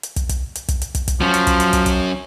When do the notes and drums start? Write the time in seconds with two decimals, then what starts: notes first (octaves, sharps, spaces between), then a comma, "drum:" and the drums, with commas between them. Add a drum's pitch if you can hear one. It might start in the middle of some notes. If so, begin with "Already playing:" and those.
0.03 drum: hi-hat
0.16 drum: kick, hi-hat
0.29 drum: kick, hi-hat
0.55 drum: hi-hat
0.68 drum: kick, hi-hat
0.82 drum: hi-hat
0.95 drum: kick, hi-hat
1.08 drum: kick, hi-hat
1.21 F3 F#3 C#4
1.34 drum: hi-hat
1.47 drum: kick, hi-hat
1.60 drum: hi-hat
1.73 drum: kick, hi-hat
1.86 drum: kick, hi-hat